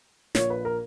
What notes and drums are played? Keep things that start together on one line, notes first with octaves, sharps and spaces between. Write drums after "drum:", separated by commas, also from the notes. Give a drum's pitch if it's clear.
A#1 A#2 C#5, drum: snare
B4
A#4